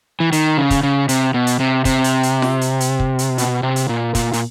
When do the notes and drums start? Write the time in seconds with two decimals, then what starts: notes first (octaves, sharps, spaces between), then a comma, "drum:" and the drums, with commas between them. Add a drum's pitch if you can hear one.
0.20 E3
0.32 D#3, drum: hi-hat
0.58 C#3
0.70 drum: kick, hi-hat
0.83 C#3
1.09 C3, drum: hi-hat
1.34 B2
1.47 drum: hi-hat
1.60 C3
1.85 C3, drum: kick, hi-hat
2.04 drum: hi-hat
2.23 drum: hi-hat
2.42 drum: snare F4
2.61 drum: hi-hat
2.80 drum: hi-hat
3.00 drum: kick
3.19 drum: hi-hat
3.38 B2, drum: hi-hat
3.63 C3
3.76 drum: hi-hat
3.89 A#2
4.15 A#2, drum: kick, hi-hat
4.33 A#2, drum: hi-hat